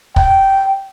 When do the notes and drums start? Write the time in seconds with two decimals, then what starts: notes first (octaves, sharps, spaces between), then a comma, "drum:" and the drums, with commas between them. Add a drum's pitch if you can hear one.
0.16 G5, drum: kick